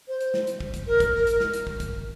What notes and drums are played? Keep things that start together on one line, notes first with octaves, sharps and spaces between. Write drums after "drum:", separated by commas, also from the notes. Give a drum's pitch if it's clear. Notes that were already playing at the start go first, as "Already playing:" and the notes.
C5
drum: hi-hat
drum: snare
drum: hi-hat
drum: kick
drum: kick, hi-hat
A#4
drum: kick, hi-hat
A#4
drum: hi-hat
drum: snare
drum: hi-hat
drum: kick
drum: kick, hi-hat